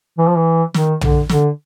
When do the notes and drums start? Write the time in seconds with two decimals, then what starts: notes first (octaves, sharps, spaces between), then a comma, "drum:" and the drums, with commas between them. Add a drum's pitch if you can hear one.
0.18 E3
0.28 F3
0.37 E3
0.74 D#3, drum: snare
1.01 D3, drum: tom
1.29 D3, drum: snare